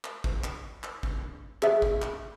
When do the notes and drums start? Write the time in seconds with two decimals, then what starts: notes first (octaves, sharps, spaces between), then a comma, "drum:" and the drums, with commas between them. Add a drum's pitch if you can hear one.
0.04 drum: clap
0.24 drum: kick G#1
0.44 drum: clap
0.83 drum: clap
1.03 drum: kick G#1
1.62 G#4 E5, drum: clap
1.82 drum: kick G#1
2.02 drum: clap